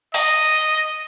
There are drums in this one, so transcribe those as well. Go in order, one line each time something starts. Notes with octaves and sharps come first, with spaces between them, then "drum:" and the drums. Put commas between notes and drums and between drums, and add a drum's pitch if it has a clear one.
D#5, drum: open hi-hat